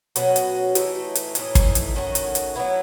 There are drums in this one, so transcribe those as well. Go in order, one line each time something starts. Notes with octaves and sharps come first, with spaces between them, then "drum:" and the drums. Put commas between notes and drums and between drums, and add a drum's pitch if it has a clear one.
B2 F#3 C#4 F#4, drum: hi-hat
drum: hi-hat
E3 A3 D#4, drum: hi-hat
drum: hi-hat
A2 E3 A3 D#4, drum: hi-hat
drum: kick, hi-hat
drum: hi-hat
D#3 A3 C#4 F#4
drum: hi-hat
drum: hi-hat
F#3 B3 E4